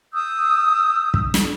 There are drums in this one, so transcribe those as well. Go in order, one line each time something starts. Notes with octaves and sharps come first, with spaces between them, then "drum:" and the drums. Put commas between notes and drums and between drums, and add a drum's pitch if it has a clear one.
D#6 E6 G6
drum: kick
drum: snare